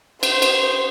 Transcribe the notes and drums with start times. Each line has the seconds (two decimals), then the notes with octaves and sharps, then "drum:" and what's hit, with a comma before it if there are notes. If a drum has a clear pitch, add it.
0.23 C5, drum: cymbal
0.42 drum: cymbal